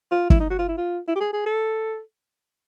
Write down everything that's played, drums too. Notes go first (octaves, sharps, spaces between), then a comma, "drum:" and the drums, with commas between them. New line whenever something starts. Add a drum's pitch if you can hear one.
F4
E4, drum: kick
D#4
F#4
F4
E4
F4
E4
G4
G#4
G#4
A4